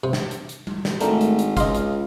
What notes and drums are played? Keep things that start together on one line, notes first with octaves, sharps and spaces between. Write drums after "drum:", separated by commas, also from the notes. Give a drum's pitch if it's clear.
C3
drum: snare
drum: hi-hat
drum: hi-hat
drum: tom G3
drum: snare
G#1 A3 D4 A#4, drum: hi-hat
drum: hi-hat
drum: hi-hat
C#2 D#5 F5 C6, drum: kick, hi-hat
drum: hi-hat